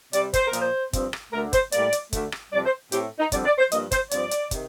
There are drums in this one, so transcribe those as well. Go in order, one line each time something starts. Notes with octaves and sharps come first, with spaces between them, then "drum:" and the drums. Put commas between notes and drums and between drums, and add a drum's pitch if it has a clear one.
C3 G3 C4 D5, drum: hi-hat
C5, drum: kick, hi-hat
A#4
A#2 F3 A#3, drum: hi-hat
C5
G2 F3 C4, drum: kick, hi-hat
drum: rim click
D2 D3 A3 A#4
C5, drum: kick, hi-hat
A2 G3 A#3 D5, drum: hi-hat
drum: hi-hat
D2 D3 A3, drum: kick, hi-hat
drum: rim click
F2 C3 G3 D5
C5
A2 A3 C4 G4, drum: hi-hat
D#4
F2 D3 G3 C4 D5, drum: kick, hi-hat
D5
C5
G2 F3 A#3 D#5, drum: hi-hat
C5, drum: kick, hi-hat
G2 F3 C4 D5, drum: hi-hat
drum: hi-hat
C3 D#3, drum: kick, hi-hat